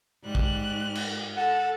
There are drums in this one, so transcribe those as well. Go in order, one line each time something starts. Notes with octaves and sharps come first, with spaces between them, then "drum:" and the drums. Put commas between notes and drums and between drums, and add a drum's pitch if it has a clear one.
G#2 G3 F#6
drum: kick
drum: cymbal
A4 F#5